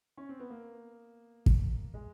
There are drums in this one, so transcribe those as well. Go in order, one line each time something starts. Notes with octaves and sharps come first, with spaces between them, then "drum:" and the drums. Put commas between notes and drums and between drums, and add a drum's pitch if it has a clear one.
C#4
C4
B3
A#3
drum: kick
G#3